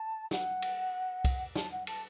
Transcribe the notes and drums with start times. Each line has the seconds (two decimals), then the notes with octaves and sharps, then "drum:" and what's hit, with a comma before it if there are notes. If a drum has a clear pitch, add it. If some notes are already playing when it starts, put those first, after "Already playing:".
Already playing: A5
0.31 F#5, drum: snare
0.62 drum: cymbal
1.25 drum: kick C2, cymbal
1.56 A5, drum: snare
1.71 F#5
1.87 A5, drum: cymbal